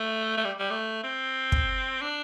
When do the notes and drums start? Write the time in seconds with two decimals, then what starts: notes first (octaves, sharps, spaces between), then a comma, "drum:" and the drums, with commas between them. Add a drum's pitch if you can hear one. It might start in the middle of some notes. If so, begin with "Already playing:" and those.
Already playing: A3
0.37 A3
0.45 G3
0.59 G3
0.71 A3
1.04 C4
1.52 drum: kick
2.02 D4